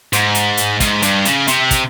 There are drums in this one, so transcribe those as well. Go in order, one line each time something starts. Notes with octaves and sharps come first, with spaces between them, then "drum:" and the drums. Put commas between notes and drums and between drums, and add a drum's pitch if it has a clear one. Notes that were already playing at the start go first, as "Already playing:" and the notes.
G#2, drum: hi-hat
drum: hi-hat
drum: hi-hat
G#2, drum: kick, hi-hat
G2, drum: hi-hat
C#3, drum: hi-hat
C3, drum: hi-hat
drum: kick, hi-hat